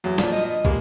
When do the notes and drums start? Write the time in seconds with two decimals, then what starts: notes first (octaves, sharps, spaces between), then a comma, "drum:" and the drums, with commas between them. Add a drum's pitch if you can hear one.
0.04 E2 F#3
0.18 A#2 F3 D5, drum: snare
0.32 D#5
0.45 D#5
0.65 G3 G#3 A#3, drum: kick